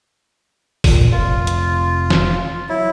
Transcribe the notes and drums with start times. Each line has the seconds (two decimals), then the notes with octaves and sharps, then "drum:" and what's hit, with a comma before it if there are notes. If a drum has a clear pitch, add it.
0.84 A#2, drum: kick, open hi-hat
1.11 F1 F4
1.47 drum: hi-hat
2.10 drum: snare
2.69 F#3 E4